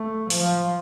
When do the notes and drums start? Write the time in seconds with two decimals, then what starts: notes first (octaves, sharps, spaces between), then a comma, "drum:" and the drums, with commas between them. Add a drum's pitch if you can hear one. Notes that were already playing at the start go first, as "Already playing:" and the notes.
Already playing: A3
0.30 F3, drum: open hi-hat